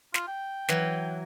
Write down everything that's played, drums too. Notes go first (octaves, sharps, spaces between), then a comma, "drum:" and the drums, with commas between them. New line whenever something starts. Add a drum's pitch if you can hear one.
F4, drum: snare
G5
E3 F#3, drum: snare